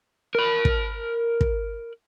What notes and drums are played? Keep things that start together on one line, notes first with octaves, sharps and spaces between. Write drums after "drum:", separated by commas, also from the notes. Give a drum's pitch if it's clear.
A#4 B5
drum: kick
drum: kick